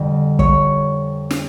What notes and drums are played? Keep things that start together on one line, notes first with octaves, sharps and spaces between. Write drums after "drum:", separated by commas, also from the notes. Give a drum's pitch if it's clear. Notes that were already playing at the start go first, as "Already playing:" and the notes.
Already playing: F2 D3 G3
C#5, drum: kick
drum: snare